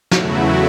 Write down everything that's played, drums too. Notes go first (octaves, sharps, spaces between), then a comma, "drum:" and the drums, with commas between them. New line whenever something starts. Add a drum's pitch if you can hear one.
E2 C#3 F#3 A3 E4 F#4, drum: snare